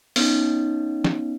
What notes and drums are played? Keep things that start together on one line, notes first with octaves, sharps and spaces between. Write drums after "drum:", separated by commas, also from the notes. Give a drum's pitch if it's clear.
B3 C#4 D#4, drum: open hi-hat
drum: snare